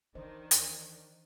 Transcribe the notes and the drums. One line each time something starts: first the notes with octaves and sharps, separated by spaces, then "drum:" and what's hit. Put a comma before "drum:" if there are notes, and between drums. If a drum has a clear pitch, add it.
D#3 E3 D4 D#4 C5 D#5
drum: hi-hat